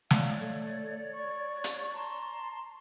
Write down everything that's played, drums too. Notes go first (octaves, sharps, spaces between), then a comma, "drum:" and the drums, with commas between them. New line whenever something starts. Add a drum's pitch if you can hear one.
C#5 D5 F5, drum: snare
A3
C#6
drum: hi-hat
A5 A#5 C6